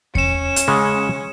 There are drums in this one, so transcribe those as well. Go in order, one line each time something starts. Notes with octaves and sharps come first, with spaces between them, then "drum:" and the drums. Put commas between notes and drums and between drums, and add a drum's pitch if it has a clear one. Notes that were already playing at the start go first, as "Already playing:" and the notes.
C#4 C#7 E7, drum: kick E2
drum: hi-hat
C#3 G#3 F#5